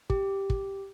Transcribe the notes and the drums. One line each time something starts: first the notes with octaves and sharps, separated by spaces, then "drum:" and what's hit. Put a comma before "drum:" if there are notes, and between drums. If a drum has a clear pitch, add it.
G4, drum: kick
drum: kick